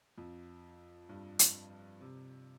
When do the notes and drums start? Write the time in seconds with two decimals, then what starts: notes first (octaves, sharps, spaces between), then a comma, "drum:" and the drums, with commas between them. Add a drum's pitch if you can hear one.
0.18 F2
1.09 G2
1.39 drum: hi-hat
2.01 C3